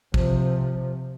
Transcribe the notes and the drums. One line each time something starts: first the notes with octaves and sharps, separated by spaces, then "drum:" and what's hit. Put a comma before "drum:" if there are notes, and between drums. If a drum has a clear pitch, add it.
C3 F3, drum: kick